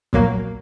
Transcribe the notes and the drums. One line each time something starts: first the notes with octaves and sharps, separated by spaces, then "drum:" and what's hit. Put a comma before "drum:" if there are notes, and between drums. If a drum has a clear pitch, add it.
A#2 F#3 A#3, drum: kick